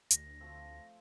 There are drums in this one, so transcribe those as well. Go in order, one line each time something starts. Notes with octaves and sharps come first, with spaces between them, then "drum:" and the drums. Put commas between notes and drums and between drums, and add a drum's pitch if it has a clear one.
D2 A#6, drum: hi-hat
F3 A3 C4